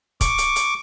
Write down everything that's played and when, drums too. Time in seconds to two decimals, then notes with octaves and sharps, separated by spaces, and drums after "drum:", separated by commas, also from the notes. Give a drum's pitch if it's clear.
0.21 C#6 D6, drum: kick, hi-hat
0.38 drum: hi-hat
0.56 drum: hi-hat